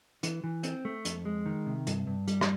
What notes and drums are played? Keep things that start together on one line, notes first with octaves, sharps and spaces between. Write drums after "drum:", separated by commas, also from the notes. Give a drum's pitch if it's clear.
E3, drum: hi-hat
E3
C4, drum: hi-hat
A3
F2, drum: hi-hat
G#3
D#3
C3
G2, drum: hi-hat
G2
G3, drum: hi-hat
drum: rim click